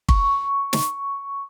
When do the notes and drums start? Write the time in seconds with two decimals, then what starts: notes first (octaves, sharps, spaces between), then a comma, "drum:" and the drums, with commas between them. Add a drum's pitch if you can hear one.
0.09 C#6, drum: kick
0.73 drum: snare